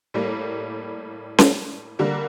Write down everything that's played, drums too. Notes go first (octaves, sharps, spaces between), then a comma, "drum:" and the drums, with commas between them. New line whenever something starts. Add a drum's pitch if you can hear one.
A2 G3 A#3
drum: snare C#4
D3 G3 A#3 A#4